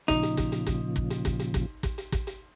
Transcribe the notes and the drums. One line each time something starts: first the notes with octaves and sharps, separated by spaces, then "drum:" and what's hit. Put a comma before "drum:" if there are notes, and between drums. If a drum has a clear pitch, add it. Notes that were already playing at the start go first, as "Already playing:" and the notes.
A#2 C#3 F3 D#4, drum: kick, hi-hat
drum: hi-hat
drum: kick, hi-hat
drum: hi-hat
drum: kick, hi-hat
drum: kick
drum: hi-hat
drum: kick, hi-hat
drum: hi-hat
drum: kick, hi-hat
drum: kick, hi-hat
drum: hi-hat
drum: kick, hi-hat
drum: hi-hat